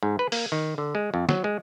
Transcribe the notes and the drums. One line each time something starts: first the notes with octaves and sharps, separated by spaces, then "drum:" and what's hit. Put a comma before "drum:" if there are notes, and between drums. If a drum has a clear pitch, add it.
G#2
B4
A#3, drum: open hi-hat
D#3
D3
G#3
F2
F#3, drum: snare
G#3